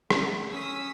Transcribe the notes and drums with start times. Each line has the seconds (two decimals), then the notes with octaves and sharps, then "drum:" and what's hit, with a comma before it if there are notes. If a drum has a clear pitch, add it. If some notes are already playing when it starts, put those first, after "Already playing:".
0.10 A3, drum: rim click
0.52 C#4 D#6 E6 B6